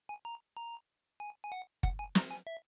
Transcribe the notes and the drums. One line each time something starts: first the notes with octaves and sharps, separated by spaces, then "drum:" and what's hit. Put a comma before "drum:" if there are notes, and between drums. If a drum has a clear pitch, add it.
G#5
A#5
A#5
G#5
G#5
F#5
F#5, drum: kick
G#5
A#5, drum: snare
G#5
E5